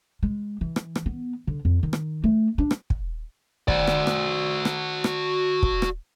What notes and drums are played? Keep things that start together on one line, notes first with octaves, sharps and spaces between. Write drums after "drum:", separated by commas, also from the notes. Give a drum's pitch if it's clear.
G#3
E3
drum: rim click
drum: rim click
B3
D3
F2
D#3
drum: rim click
A3
D4
drum: rim click
drum: kick
F#4 D5, drum: kick
drum: rim click
drum: rim click
drum: rim click
drum: rim click
drum: kick
drum: rim click